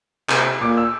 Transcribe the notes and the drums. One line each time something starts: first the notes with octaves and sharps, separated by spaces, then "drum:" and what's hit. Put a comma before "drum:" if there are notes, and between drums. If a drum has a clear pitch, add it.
C3, drum: clap
A#2 D6
E6